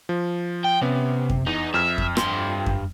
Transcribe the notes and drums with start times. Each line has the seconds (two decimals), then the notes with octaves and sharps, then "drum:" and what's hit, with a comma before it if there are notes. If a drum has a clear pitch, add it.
0.09 F3
0.65 G5
0.82 C3 B3 C#4
1.30 drum: kick F2
1.47 E2 D#4
1.74 F2 E5 F6
1.98 drum: kick F2
2.17 G2 C6, drum: rim click
2.66 drum: kick F2